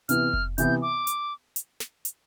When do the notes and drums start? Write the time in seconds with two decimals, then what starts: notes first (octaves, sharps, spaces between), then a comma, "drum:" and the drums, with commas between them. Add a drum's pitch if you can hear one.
0.09 C3 E3 B3 E4 F6, drum: hi-hat
0.33 drum: kick F1
0.58 C3 E3 B3 E4 G6, drum: hi-hat
0.82 D6
1.07 drum: hi-hat
1.56 drum: hi-hat
1.80 drum: snare
2.05 drum: hi-hat